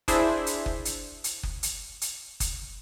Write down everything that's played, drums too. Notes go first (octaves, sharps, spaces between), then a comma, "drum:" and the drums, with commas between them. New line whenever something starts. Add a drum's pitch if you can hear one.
D4 E4 G#4 C5 E5, drum: kick F#1, hi-hat
drum: hi-hat
drum: kick F#1
drum: hi-hat
drum: hi-hat
drum: kick F#1
drum: hi-hat
drum: hi-hat
drum: kick F#1, hi-hat